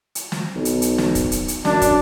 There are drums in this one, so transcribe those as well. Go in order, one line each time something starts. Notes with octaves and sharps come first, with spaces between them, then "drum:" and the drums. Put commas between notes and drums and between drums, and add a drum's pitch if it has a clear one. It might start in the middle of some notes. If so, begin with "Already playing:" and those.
drum: hi-hat
drum: snare
B1
drum: hi-hat
drum: hi-hat
drum: snare
drum: kick, hi-hat
drum: hi-hat
drum: hi-hat
F#2 D4, drum: snare
drum: kick, hi-hat